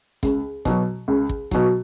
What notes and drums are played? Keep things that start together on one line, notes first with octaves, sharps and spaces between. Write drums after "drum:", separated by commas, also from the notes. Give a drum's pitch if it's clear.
C#2, drum: kick, hi-hat
B2 F#3, drum: kick, hi-hat
C#2
drum: kick
B2 F#3, drum: kick, hi-hat